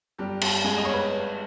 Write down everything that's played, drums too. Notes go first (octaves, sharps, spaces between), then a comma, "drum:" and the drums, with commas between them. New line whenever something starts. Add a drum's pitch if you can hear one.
G1 G3 G4
G2, drum: cymbal
G1 G#3 G#4
D#5
C#5
B4